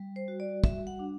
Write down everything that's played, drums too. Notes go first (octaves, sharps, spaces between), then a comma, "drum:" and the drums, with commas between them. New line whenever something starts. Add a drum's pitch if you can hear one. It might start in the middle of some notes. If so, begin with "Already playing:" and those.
Already playing: G3
C5
F#4
D5
G3 E5, drum: kick
F#5
D4